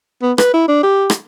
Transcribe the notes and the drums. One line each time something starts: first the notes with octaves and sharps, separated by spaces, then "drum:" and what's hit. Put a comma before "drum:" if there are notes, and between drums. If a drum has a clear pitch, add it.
B3
B4, drum: rim click
E4
D4
G4
drum: rim click